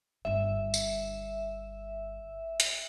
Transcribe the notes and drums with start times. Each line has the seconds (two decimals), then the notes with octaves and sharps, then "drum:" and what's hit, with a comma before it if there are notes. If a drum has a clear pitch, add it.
0.25 G1 D3 E5
0.74 drum: tambourine
2.60 drum: hi-hat